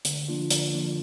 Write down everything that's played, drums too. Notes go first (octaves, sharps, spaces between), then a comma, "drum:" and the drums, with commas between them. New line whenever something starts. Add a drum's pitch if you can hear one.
D3, drum: hi-hat
F3 A#3 D4 F4
D3, drum: hi-hat
F3 A#3 D4 F4